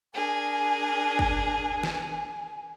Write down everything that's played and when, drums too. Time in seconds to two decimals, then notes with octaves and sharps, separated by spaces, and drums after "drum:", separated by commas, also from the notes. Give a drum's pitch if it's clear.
0.14 D4 G#4 A#4 G#5
1.19 drum: kick
1.83 drum: snare